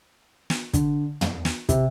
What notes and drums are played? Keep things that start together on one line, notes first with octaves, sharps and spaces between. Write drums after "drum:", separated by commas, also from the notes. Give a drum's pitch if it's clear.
drum: snare
D3, drum: kick, hi-hat
drum: tom
drum: snare
C3, drum: kick, hi-hat